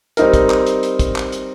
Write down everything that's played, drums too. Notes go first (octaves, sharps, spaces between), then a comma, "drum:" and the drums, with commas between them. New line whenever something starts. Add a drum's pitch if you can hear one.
G3 C4 D#4 A#4, drum: hi-hat
drum: kick, hi-hat
drum: clap
drum: hi-hat
drum: hi-hat
drum: kick, hi-hat
drum: clap
drum: hi-hat